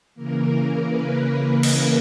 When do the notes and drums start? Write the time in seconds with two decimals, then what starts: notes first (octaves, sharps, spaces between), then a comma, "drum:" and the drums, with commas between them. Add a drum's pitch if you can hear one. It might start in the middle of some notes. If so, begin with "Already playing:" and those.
0.15 C#3 E3 A#3 A#4
0.83 B4
1.63 drum: cymbal